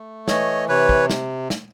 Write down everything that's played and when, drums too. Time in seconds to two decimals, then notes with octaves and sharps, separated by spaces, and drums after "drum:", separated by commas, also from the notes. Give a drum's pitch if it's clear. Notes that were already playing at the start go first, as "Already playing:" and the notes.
Already playing: A3
0.28 E3 C#5 D#5, drum: snare
0.68 C3 B4 C#5
0.89 drum: kick
1.10 drum: snare
1.50 drum: snare